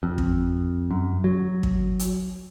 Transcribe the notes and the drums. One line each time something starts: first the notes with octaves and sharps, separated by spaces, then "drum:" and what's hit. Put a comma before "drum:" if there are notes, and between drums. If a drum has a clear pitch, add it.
F2
drum: kick
F#2
F#3
drum: kick
drum: hi-hat